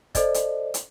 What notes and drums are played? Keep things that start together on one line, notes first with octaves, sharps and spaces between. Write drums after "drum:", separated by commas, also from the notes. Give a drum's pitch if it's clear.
A4 C5 D5 D#5, drum: kick, hi-hat
drum: hi-hat
drum: hi-hat